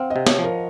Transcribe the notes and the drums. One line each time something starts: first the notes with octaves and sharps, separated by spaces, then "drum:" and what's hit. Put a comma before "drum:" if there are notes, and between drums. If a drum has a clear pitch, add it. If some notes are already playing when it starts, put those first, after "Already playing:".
Already playing: C4 F5 F#5
D#5
C3
C#5, drum: snare
F3
A#4